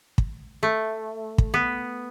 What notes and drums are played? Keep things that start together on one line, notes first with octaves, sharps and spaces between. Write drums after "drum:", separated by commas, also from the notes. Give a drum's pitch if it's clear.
drum: kick
A3
drum: kick
B3